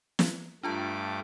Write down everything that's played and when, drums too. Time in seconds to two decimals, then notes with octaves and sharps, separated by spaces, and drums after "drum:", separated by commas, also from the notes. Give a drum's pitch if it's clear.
0.19 drum: snare
0.63 G2 A3 D4 F4 A5 D6